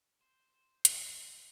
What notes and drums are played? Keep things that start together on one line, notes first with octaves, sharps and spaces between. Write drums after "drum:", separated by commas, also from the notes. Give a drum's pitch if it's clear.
C5
drum: hi-hat